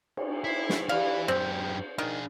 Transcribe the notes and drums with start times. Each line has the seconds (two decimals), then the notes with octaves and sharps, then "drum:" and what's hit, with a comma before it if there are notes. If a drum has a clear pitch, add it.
0.17 drum: cymbal
0.44 E4 B6 C7
0.69 drum: snare
0.89 E4 G4 B4 D5 F5
1.28 F#2 C4 G4 G6
1.98 D#3 D4 G#4